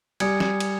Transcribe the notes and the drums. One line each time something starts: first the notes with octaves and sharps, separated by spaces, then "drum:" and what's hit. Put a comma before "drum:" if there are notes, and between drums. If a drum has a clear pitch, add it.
G3 G#5 D#6 G#6 C#7, drum: cymbal
drum: snare
drum: cymbal